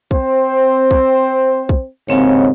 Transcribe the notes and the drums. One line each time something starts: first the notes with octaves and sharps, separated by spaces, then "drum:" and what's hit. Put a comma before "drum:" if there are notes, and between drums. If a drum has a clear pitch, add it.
C4 C5, drum: kick
drum: kick
drum: kick
D#2 G#2 C#3 C4 C#5